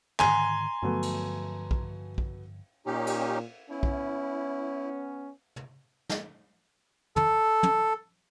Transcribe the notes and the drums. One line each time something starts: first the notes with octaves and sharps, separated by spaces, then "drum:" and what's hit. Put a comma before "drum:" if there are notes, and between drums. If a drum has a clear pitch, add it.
G#2 D3 D#3 G#5 A#5 C6, drum: clap
G2 D3 F3 F#3 A3 B3
drum: cymbal
drum: kick
drum: kick
A#2 C#4 D#4 G4
drum: cymbal
B3 C#4 E4
drum: kick
drum: tom
drum: snare
A4, drum: tom
drum: tom